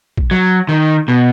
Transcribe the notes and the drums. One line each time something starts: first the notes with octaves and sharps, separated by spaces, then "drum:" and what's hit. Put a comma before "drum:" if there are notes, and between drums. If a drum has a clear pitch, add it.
drum: kick A1
F#3
D#3
B2